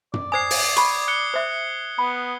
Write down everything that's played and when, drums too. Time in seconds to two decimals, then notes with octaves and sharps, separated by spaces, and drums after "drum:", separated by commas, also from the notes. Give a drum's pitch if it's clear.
0.14 D5, drum: tom
0.32 C5 G#5 D#6 G#6 C7
0.50 drum: open hi-hat
0.76 B5 C#6, drum: hi-hat
1.08 F#6 C#7 G7
1.34 C5 E5
1.98 B3 B5